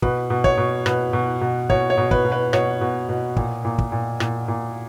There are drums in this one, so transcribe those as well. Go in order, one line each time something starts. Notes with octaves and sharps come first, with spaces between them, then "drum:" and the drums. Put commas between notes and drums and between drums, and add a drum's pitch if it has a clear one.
B2 B4, drum: kick
B2
C#5, drum: kick
B2
B2 B4, drum: rim click
B2
B2
B2 C#5, drum: kick
C#5
B2
B4, drum: kick
B2
B4
B2 C#5, drum: rim click
B2
B2
A#2, drum: kick
A#2
drum: kick
A#2
A#2, drum: rim click
A#2